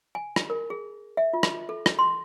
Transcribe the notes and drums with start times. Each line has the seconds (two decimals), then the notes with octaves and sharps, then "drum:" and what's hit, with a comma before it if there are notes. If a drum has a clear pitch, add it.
0.15 G#5
0.36 drum: rim click
0.50 A#4
0.70 G#4
1.17 E5
1.33 F4
1.43 drum: rim click
1.69 A4
1.86 drum: rim click
1.99 C6